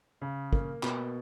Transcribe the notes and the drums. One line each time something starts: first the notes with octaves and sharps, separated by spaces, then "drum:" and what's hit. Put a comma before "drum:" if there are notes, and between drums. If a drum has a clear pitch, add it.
C#3
A#3, drum: kick
B2, drum: clap